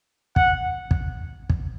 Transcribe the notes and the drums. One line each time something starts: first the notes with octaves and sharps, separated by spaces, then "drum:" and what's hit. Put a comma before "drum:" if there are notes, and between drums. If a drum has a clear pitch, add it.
F#5, drum: kick
drum: kick
drum: kick